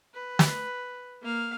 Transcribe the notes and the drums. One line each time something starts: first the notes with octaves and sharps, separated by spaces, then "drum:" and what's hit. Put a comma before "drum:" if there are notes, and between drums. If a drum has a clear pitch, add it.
B4
drum: snare
A#3 F5